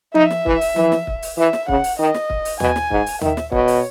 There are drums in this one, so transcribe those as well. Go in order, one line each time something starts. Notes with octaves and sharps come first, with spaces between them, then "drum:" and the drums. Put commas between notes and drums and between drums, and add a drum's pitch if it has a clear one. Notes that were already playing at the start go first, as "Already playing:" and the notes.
D#4 E5, drum: tom F3
drum: snare
E3, drum: kick
drum: open hi-hat
E3, drum: tom F3
drum: snare
drum: kick
drum: open hi-hat
E3 E5
drum: snare
C#3 F#5, drum: kick
drum: open hi-hat
D#3 D#5
drum: snare
drum: kick
drum: open hi-hat
B2 G#5, drum: tom D#2
drum: snare
G#2, drum: kick
drum: open hi-hat
D#3 E5, drum: tom D#2
drum: snare
B2 C#5, drum: kick
drum: open hi-hat